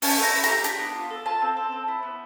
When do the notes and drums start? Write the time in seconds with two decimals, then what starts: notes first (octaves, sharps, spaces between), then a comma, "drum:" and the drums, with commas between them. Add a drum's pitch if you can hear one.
0.02 C#4 A5, drum: open hi-hat
0.18 A3 A#5
0.33 E4
0.43 A#5, drum: hi-hat
0.48 G4
0.64 D4 B5, drum: hi-hat
0.79 B3
0.95 F4
1.10 A4
1.26 F4 A5
1.42 C4
1.57 A4
1.72 C4
1.88 E4
2.03 B3